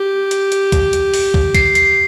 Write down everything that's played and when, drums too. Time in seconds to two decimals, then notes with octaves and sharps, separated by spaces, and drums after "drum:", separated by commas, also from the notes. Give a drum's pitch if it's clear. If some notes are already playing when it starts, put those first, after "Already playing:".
Already playing: G4
0.31 drum: hi-hat
0.52 drum: hi-hat
0.72 drum: kick, hi-hat
0.93 drum: hi-hat
1.14 drum: open hi-hat
1.34 drum: kick
1.55 C7, drum: kick, hi-hat
1.75 C7, drum: hi-hat